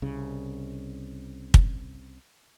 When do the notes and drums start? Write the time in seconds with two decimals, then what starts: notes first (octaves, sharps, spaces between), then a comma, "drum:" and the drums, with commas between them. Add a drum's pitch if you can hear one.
0.02 C2 C#3
1.54 drum: kick